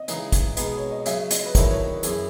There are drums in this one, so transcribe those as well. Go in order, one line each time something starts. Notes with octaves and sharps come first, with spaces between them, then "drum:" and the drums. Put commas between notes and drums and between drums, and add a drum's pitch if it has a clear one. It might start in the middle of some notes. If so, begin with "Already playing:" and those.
Already playing: D#5
C#3 E3 G#3 D#4, drum: hi-hat
drum: kick, hi-hat
B2 G#3 B3 D#4, drum: hi-hat
C#5
D#5
C#3 F#3 C#4 E5, drum: hi-hat
D#5, drum: hi-hat
B4
E2 D#3 F#3 A3 E4 C#5, drum: kick, hi-hat
C#5
F#2 E3 B3 E4 G#4, drum: hi-hat